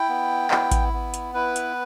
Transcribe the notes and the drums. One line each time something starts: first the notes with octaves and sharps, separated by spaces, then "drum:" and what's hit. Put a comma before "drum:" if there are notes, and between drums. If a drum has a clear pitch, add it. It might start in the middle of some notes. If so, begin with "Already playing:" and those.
Already playing: E4 G5
B3
E4, drum: clap
drum: kick A1, hi-hat
B3
drum: hi-hat
E4 B4
drum: hi-hat